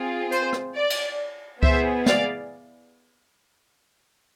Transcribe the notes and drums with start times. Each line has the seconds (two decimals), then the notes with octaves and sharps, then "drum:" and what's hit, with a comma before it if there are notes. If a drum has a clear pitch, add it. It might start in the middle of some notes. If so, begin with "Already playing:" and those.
Already playing: C4 F4 G#4
0.32 C5, drum: hi-hat
0.53 drum: rim click
0.75 D5
0.90 drum: cymbal
1.63 B3 E4 G#4 C5 E5, drum: kick C#2
2.06 D5 F5, drum: snare